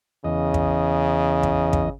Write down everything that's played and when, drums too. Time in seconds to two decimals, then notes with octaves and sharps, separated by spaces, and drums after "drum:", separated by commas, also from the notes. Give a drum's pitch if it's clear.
0.24 E2 C#3 D#5
0.54 drum: kick
1.43 drum: kick
1.73 drum: kick